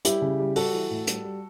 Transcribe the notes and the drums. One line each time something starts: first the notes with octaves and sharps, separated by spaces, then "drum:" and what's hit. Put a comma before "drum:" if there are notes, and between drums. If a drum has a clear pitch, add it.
G3 E4 G4, drum: hi-hat
C#3
G3
G3 F#4 A4, drum: open hi-hat
E3
A2
G3, drum: hi-hat
G3